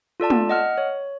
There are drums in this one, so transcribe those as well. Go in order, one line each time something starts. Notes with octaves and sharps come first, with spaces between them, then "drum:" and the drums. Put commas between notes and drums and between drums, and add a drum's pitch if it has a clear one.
F4 A4 D5 A5
drum: tom
D#5 F#5 F6
C#5